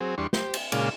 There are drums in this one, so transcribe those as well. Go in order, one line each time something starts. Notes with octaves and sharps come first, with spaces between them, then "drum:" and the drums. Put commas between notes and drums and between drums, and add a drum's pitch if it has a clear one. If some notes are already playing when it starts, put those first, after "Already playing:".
F#3 C4 G#4
E2 G3 D4 C6 C#6
G4 C5, drum: snare
drum: cymbal
A#2 C#3 G#3 D5 F5, drum: cymbal